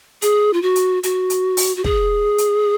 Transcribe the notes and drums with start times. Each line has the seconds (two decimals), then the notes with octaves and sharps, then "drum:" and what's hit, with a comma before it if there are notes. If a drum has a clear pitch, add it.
0.22 G#4, drum: hi-hat
0.53 F4
0.62 F#4
0.76 drum: hi-hat
1.03 F#4, drum: hi-hat
1.30 drum: hi-hat
1.57 drum: open hi-hat
1.77 F#4
1.84 G#4, drum: kick
2.38 drum: hi-hat